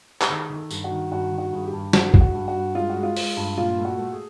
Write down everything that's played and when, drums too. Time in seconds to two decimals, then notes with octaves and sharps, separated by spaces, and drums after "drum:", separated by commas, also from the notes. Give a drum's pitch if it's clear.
0.21 G4, drum: clap
0.30 D#3 G#4
0.50 D#3
0.56 A4
0.71 G2, drum: tambourine
0.84 F#4
0.91 D#3
1.11 G2 F#4
1.32 D#3
1.38 F#4
1.53 G2 G#4
1.66 G4
1.73 G2
1.93 G#3 F#4, drum: snare
2.14 G2, drum: kick
2.21 F#4
2.35 G2
2.48 F#4
2.55 G2
2.75 G#3 F4
2.90 F#4
2.96 G#3
3.03 F4
3.17 G#3, drum: open hi-hat
3.37 G2
3.58 A#2 F4
3.78 A3
3.85 F#4
3.99 A3
4.13 G#4